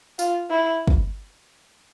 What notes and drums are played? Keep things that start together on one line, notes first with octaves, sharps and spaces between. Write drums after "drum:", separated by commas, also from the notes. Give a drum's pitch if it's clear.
F4, drum: tambourine
E4
drum: kick